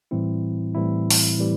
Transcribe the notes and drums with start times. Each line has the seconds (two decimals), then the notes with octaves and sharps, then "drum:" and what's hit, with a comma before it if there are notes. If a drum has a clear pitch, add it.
0.11 A2 E3 G3 C4 E4
0.75 A2 E3 G3 C4 E4
1.10 drum: open hi-hat
1.39 A2 E3 G3 C4